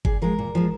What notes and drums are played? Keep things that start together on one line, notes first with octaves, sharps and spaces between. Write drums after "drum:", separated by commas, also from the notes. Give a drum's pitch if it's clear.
A#2 G#4, drum: kick G1
F3 G#3 A#4
A#2
F3 G#3